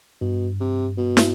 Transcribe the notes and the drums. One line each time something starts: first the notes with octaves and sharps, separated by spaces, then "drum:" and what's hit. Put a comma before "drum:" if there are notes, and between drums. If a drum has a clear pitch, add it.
G2 B2
C3
B2
drum: snare